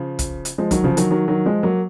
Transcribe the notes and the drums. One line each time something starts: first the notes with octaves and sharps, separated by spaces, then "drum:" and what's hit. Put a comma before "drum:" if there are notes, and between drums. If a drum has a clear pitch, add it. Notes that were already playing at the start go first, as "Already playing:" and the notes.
Already playing: C#3 F3
drum: kick, hi-hat
drum: hi-hat
F3 G#3
D#3 F#3, drum: kick, hi-hat
C#3 F3
D#3 F#3, drum: hi-hat
D#3 F#3
D#3 F#3
F3 G#3
F#3 A#3